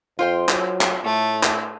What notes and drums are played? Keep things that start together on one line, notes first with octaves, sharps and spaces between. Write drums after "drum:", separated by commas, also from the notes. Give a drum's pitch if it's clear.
F2 F4 C5 G5
F#3, drum: clap
drum: clap
A2 A3
drum: clap